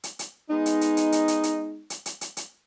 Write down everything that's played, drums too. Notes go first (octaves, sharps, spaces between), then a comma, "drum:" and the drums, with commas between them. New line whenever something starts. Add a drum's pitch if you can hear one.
drum: hi-hat
drum: hi-hat
G#3 B3 D#4
drum: hi-hat
drum: hi-hat
drum: hi-hat
drum: hi-hat
drum: hi-hat
drum: hi-hat
drum: hi-hat
drum: hi-hat
drum: hi-hat
drum: hi-hat